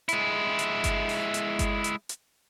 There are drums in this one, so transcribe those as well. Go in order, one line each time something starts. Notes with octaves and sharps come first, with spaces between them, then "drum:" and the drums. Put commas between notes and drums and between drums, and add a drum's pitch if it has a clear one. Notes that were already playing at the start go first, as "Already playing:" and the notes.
G#3 E4, drum: hi-hat
drum: hi-hat
drum: kick G1, hi-hat
drum: open hi-hat
drum: hi-hat
drum: kick G1, hi-hat
drum: hi-hat
drum: hi-hat